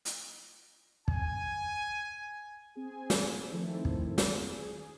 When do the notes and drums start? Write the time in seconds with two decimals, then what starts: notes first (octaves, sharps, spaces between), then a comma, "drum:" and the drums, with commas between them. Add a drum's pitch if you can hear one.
0.05 drum: hi-hat
1.08 G#5, drum: kick
2.75 C4 G#4 G#5
3.10 drum: snare
3.50 D#3 F3 A3 C4 E4 A4
3.85 drum: kick
4.18 drum: snare
4.47 G#4